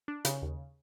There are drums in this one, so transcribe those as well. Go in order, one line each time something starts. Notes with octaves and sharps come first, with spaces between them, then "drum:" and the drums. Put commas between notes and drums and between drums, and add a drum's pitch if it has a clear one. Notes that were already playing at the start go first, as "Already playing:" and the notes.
D4
C#3, drum: hi-hat
D#2